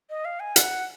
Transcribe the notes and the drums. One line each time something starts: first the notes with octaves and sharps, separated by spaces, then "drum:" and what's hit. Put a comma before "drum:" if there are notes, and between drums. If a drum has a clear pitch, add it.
D#5
F5
G#5
F#5, drum: hi-hat